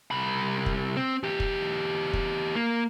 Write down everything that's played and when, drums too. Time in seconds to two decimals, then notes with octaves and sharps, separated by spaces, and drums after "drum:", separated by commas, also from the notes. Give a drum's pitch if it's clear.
0.11 C2 B5
0.66 drum: kick
0.97 C4
1.24 E2 G4
1.40 drum: kick
2.13 drum: kick
2.55 A#3